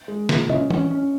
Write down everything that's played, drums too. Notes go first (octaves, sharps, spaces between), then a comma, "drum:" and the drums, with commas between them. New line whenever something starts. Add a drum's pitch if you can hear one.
G#3
A#2, drum: snare
C#4 D#5, drum: tom
C#4, drum: tom
C#4